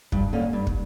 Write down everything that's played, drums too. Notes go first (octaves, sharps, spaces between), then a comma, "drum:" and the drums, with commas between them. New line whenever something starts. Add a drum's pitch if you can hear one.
G2, drum: kick
D3 A#3 C#4
G2
drum: kick